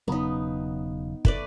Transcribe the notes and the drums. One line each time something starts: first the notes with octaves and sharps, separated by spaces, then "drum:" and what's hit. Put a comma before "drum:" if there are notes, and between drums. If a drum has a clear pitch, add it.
E1 C#3 F#3 B3 D#4
A3 B4 D5, drum: kick